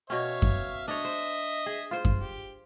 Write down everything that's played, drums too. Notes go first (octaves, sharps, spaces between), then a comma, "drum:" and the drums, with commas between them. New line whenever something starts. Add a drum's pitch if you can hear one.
B2 C#4 C#5 E5 F5
drum: kick F#2
D4 C#5 D#5 E5
C5
G#4
F4 C5
drum: kick F#2
G4